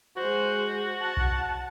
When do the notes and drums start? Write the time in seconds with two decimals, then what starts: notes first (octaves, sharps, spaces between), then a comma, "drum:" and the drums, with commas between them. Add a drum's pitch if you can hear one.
0.17 G#3 F#4 C5
1.00 F#5 A5
1.17 drum: kick B1